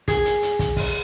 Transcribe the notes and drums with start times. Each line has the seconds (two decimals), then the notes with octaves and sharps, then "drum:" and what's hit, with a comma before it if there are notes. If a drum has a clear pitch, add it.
0.08 G#4, drum: kick, hi-hat
0.25 drum: hi-hat
0.42 drum: hi-hat
0.59 drum: kick, hi-hat
0.77 drum: kick, open hi-hat